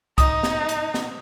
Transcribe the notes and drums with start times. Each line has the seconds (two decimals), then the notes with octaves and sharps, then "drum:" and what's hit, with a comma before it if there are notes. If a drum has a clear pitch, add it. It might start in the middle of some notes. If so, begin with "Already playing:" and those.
0.18 D#4 D#6, drum: kick, hi-hat
0.43 drum: snare
0.69 drum: hi-hat
0.94 drum: snare